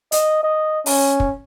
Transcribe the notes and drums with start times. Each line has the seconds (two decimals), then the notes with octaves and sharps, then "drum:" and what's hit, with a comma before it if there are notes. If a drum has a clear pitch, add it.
0.12 D#5, drum: hi-hat
0.43 D#5
0.86 C#4, drum: open hi-hat
1.20 drum: kick